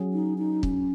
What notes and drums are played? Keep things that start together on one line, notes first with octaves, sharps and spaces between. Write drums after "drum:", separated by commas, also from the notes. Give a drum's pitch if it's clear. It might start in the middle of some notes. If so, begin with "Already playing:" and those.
Already playing: F#3 C#4 G#4
D#4
D#4
C#4, drum: kick